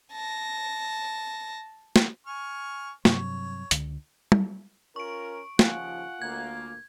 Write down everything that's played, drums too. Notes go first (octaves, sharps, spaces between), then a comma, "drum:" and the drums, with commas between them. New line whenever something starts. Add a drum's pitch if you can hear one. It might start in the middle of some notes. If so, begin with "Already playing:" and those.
A5 A#6
drum: snare
G#5 C#6 F6
G2 C3 F#3 C#5, drum: snare
C#2 D3, drum: hi-hat
drum: tom
C#4 F4 A#4 C#6 D7
D#2 C#3 F3 F4 F5 F#5 G#5, drum: snare
D2 A#3 G#6